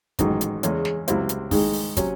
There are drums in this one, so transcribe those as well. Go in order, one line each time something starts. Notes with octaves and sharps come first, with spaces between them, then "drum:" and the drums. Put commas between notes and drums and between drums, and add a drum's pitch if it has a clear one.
A1 G#2 D#3 F#3, drum: kick, hi-hat
drum: hi-hat
E2 C#3 G#3 C#4, drum: hi-hat
drum: snare
C#2 C3 F#3 C4 E4, drum: hi-hat
drum: hi-hat
G#2 D#3 G#3 D#4, drum: kick, open hi-hat
drum: open hi-hat
C3 F#3 C#4, drum: kick, hi-hat